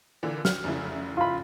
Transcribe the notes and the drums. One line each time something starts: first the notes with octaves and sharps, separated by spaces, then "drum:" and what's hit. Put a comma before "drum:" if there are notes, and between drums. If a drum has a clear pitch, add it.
A#2 D3 E3
F6, drum: snare
F1 C#3 E4
F4 B5